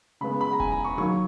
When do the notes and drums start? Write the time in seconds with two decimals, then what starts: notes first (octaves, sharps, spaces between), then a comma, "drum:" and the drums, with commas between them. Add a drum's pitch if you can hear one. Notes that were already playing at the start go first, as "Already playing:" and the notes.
0.21 C#3 G#3 B3 B5
0.41 B5
0.53 A#5
0.60 G#5, drum: kick E1
0.72 A#5
0.85 C#6
0.97 D#3 F#3 A#3 C#6